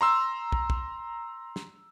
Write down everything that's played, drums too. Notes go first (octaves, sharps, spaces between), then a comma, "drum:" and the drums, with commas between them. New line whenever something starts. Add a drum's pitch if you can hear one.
A#5 C6 E6
drum: kick
drum: kick
drum: snare